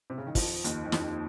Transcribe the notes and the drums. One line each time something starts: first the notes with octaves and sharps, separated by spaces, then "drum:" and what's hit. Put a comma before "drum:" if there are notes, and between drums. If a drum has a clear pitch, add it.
C3
C#3
D#3
F2 F3, drum: kick, open hi-hat
D#2 D#3, drum: hi-hat
D#3
F2 F3, drum: snare